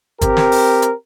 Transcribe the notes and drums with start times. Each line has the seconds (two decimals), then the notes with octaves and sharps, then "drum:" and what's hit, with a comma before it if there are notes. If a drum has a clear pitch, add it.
0.21 C4 G4 A#4, drum: kick, hi-hat
0.37 drum: snare
0.52 drum: open hi-hat
0.82 drum: hi-hat